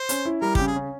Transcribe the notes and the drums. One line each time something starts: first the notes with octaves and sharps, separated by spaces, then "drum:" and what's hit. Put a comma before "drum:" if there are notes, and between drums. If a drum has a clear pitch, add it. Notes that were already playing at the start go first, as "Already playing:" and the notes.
Already playing: C5
C#4, drum: hi-hat
E4
G3 A#4
C#3 G4, drum: kick
G#4
C#4